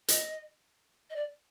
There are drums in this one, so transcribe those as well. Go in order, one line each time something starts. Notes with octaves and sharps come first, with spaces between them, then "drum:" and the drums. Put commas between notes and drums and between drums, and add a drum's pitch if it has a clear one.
D#5, drum: hi-hat
D#5
D5